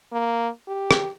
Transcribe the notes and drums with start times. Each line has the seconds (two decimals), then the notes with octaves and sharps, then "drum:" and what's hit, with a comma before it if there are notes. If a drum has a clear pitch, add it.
0.12 A#3
0.67 G4
0.91 drum: rim click